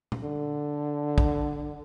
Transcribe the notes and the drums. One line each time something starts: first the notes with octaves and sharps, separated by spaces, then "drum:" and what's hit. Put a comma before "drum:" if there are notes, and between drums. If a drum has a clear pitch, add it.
drum: tom A#2
D3
drum: kick